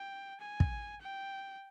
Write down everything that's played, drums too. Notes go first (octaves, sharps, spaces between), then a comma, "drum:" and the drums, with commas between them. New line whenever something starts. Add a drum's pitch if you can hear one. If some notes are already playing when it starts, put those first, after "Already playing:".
Already playing: G5
G#5
drum: kick
G5